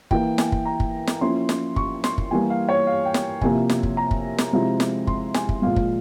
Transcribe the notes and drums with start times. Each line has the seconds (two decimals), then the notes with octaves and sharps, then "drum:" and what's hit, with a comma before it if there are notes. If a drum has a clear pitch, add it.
0.11 E3 A#3 E4 G5, drum: kick
0.38 G#5, drum: snare
0.52 drum: kick
0.65 A#5
0.80 drum: kick
1.07 drum: snare
1.21 F3 A#3 C#4 E4 C6
1.49 drum: snare
1.76 C#6, drum: kick
2.04 C6, drum: snare
2.18 drum: kick
2.31 E3 G3 A#3 G#5
2.50 F5
2.69 C#5
2.87 F5
3.05 G5
3.14 drum: snare
3.41 C3 F3 A#3 E4 G#5, drum: kick
3.69 drum: snare
3.83 drum: kick
3.97 A#5
4.11 drum: kick
4.38 drum: snare
4.52 C3 F3 G#3 C4 E4
4.80 drum: snare
5.07 C6, drum: kick
5.34 G#5, drum: snare
5.49 drum: kick
5.62 A#2 F3 G#3 F5
5.76 drum: kick